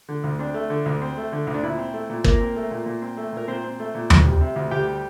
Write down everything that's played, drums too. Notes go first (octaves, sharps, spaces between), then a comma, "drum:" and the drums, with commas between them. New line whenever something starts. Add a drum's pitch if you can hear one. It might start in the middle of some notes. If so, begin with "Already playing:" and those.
D3
D2
C4 D4
A3
D3
D2
C4
A3
D3
D2
D4
A#2 E4
C4
A3
A#2
A#2 A#3 A#4, drum: kick
C4
A3
A#2
A#2
C4
A3
A#2 A#4
A#2 C4 C5
C4
A3
A#2
D2, drum: tom D#2
G3
C3
D2
D2 G4 G5
G3